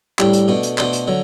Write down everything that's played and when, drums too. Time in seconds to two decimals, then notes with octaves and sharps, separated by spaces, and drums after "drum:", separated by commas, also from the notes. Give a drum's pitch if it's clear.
0.19 A2 G3 D4, drum: clap
0.33 drum: hi-hat
0.48 B2 A3 D4
0.63 drum: hi-hat
0.78 B2 A3 D4 A4 C5, drum: clap
0.93 drum: hi-hat
1.07 D3 F#3